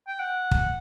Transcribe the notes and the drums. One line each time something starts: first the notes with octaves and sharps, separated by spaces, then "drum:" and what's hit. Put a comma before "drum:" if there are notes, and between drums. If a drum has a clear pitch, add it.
G5
F#5
drum: kick